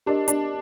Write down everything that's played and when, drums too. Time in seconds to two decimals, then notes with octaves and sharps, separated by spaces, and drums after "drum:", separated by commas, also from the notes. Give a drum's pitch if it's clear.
0.06 D4 G4 A#4 D#5
0.28 D4, drum: hi-hat